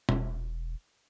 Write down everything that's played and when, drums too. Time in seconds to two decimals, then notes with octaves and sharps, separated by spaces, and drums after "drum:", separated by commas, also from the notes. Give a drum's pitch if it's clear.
0.09 E1, drum: tom B2